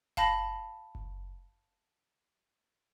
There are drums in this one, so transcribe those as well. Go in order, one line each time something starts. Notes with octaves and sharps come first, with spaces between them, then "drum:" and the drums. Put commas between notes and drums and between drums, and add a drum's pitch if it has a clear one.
F5 A5 B5 A#6, drum: kick F#1
drum: kick F#1